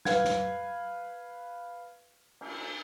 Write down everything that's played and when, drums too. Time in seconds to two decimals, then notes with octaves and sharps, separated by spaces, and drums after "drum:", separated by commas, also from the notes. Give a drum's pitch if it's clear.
0.05 B4 F5 G#6, drum: snare
0.24 drum: snare
2.41 drum: cymbal